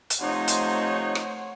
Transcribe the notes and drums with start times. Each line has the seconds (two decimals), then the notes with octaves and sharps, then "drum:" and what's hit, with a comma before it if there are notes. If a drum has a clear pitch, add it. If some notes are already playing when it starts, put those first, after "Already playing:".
0.10 drum: hi-hat
0.20 C3 F3 A3 D#4 C5 C#5 F#5 C6
0.48 drum: hi-hat
1.15 drum: rim click